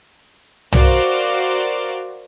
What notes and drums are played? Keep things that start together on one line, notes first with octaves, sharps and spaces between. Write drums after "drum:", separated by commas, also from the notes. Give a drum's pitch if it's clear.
F#4 A#4 C5 D5 F5, drum: tom